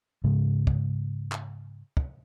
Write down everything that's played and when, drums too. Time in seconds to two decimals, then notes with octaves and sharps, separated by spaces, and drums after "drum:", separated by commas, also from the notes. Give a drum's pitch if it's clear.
0.24 G#2 C#3 G#3
0.67 drum: kick
1.32 drum: clap
1.97 drum: kick